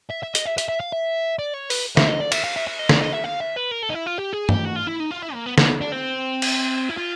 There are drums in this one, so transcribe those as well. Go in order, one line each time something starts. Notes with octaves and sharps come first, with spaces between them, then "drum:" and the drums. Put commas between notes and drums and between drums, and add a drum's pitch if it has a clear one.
E5
E5
D#5, drum: hi-hat
E5
E5, drum: hi-hat
E5
F5
E5
D5
C#5
B4, drum: open hi-hat
E5, drum: snare
D#5
D5
E5, drum: cymbal
F5
E5
E5
D#5
D5, drum: snare
D#5
E5
F5
E5
B4
A#4
A4
D#4
E4
F4
G4
G#4
G4, drum: tom
F#4
F4
E4
D#4
F4
E4
A#3
B3
B3, drum: snare
D4
C4
drum: cymbal
E4
F4